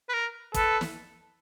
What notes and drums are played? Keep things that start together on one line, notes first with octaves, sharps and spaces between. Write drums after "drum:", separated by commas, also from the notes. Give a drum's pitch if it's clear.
B4
A#4
A4 B4, drum: kick, hi-hat
drum: snare